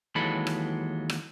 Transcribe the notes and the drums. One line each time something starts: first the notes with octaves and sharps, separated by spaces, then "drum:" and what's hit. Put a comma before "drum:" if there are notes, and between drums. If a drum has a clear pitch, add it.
D#2 E3 F#3 G#3 A4 B5
drum: rim click
drum: rim click